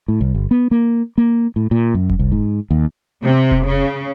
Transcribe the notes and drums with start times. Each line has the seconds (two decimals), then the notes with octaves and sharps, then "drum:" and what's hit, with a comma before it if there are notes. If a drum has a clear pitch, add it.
0.08 A2
0.21 C2
0.34 G1
0.51 B3
0.71 A#3
1.18 A#3
1.56 A2
1.71 A#2
1.94 F#2
2.10 drum: kick F1
2.19 C2
2.32 G#2
2.71 D#2
3.22 C3
3.51 drum: kick F1
3.65 C#3